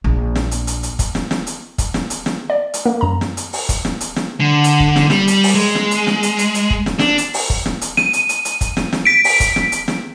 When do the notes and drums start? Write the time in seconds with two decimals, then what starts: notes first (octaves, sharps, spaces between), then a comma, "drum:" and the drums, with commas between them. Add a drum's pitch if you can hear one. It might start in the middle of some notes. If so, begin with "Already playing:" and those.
0.04 A#1
0.36 drum: snare
0.51 drum: hi-hat
0.67 drum: hi-hat
0.83 drum: hi-hat
0.99 drum: kick, hi-hat
1.15 drum: snare
1.31 drum: snare
1.47 drum: hi-hat
1.78 drum: kick, hi-hat
1.94 drum: snare
2.10 drum: hi-hat
2.26 drum: snare
2.50 D5
2.74 drum: hi-hat
2.86 A#3
3.01 F#2 A#5
3.21 drum: snare
3.37 drum: hi-hat
3.53 drum: open hi-hat
3.69 drum: kick, hi-hat
3.85 drum: snare
4.01 drum: hi-hat
4.16 drum: snare
4.40 D3
4.64 drum: hi-hat
4.80 drum: kick
4.96 drum: snare
5.10 G3, drum: snare
5.28 drum: hi-hat
5.43 drum: open hi-hat
5.55 G#3
5.75 drum: snare
5.91 drum: hi-hat
6.07 drum: snare
6.23 drum: hi-hat
6.39 drum: hi-hat
6.54 drum: hi-hat
6.70 drum: kick
6.86 drum: snare
6.99 D4, drum: snare
7.18 drum: hi-hat
7.34 drum: open hi-hat
7.50 drum: kick
7.66 drum: snare
7.81 drum: hi-hat
7.97 D#7, drum: snare
8.13 drum: hi-hat
8.29 drum: hi-hat
8.45 drum: hi-hat
8.61 drum: kick, hi-hat
8.77 drum: snare
8.93 drum: snare
9.05 B6 D7
9.24 drum: open hi-hat
9.40 drum: kick, hi-hat
9.56 drum: snare
9.72 drum: hi-hat
9.88 drum: snare